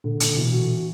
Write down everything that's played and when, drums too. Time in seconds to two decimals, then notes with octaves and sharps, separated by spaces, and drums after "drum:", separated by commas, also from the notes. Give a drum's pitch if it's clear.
0.04 A#2 D3
0.20 A#2 D3, drum: hi-hat
0.37 B2 E3
0.53 F#4